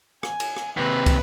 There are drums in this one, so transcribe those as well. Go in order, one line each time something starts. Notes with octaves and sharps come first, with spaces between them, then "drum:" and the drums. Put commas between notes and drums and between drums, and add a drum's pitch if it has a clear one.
G#5, drum: rim click
drum: cymbal
drum: rim click
D#2 C3 B4
drum: kick, cymbal